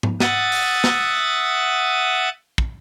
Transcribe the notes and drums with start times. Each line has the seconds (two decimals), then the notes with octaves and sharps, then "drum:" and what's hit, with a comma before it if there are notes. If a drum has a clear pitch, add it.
0.03 drum: tom G#2
0.20 E5 F#5 D#6 A6, drum: snare
0.52 drum: open hi-hat
0.84 drum: snare
2.58 drum: kick